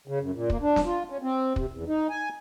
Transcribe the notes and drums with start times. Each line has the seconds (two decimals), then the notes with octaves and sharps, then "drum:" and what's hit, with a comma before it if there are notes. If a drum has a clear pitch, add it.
0.08 C#3
0.20 F#2
0.35 A#2
0.50 A#3, drum: kick
0.62 D4
0.76 drum: snare
0.85 F4
1.10 C#4
1.22 C4
1.56 C3, drum: kick
1.72 E2
1.88 D#4
2.10 G#5